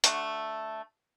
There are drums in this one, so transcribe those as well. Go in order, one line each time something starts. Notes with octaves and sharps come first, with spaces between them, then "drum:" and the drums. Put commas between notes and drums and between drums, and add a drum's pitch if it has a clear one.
D3 A3 F#4, drum: hi-hat